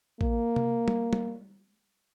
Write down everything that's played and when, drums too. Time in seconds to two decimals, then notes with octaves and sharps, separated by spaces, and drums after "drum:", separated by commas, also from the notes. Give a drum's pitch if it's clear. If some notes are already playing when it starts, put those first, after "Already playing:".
0.21 A#3, drum: kick
0.56 drum: tom C3
0.88 drum: tom
1.13 drum: tom